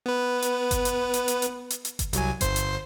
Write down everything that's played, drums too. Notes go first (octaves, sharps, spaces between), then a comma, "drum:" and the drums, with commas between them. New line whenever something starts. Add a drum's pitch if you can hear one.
B3 B4
drum: hi-hat
drum: kick G1, hi-hat
drum: hi-hat
drum: hi-hat
drum: hi-hat
drum: hi-hat
drum: hi-hat
drum: hi-hat
drum: kick G1, hi-hat
C2 F#3 G#5, drum: hi-hat
G1 C5 C7, drum: kick G1, hi-hat
drum: hi-hat